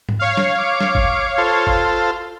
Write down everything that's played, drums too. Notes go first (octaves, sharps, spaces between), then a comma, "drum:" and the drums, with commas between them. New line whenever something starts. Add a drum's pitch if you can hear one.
drum: tom G#2
C#5 F5
drum: snare
D6
drum: snare
drum: kick G1
F4 A4 C5
drum: kick G1